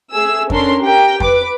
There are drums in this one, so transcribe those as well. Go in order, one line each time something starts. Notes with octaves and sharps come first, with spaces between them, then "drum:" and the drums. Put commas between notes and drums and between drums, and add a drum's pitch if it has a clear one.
A3 G#4 E6
C#4 D4 A4 A#4 C6, drum: kick F2
G4 A#4 G5
B4 D6, drum: kick F2